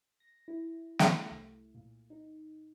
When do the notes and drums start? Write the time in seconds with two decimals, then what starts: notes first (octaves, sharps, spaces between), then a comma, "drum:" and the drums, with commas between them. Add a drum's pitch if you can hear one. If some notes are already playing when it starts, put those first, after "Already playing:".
0.20 A#6
0.48 E4
0.99 A3, drum: snare
1.31 C2
1.75 A#2
2.10 D#4